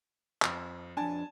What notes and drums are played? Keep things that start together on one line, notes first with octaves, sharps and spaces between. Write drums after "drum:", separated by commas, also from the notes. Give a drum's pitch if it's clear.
F2, drum: clap
F2 D4 G#5 A5